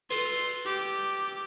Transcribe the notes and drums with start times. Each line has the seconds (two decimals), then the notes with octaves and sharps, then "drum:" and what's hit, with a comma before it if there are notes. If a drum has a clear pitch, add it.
0.10 C6, drum: cymbal
0.65 G4 D6